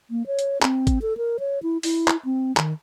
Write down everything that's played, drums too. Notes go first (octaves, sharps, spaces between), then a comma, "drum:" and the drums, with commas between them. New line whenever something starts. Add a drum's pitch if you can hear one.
A#3
C#5
drum: hi-hat
C4, drum: clap
drum: kick G#1, hi-hat
A4
A#4
C#5
E4
E4, drum: open hi-hat
drum: clap
C4
D#3, drum: clap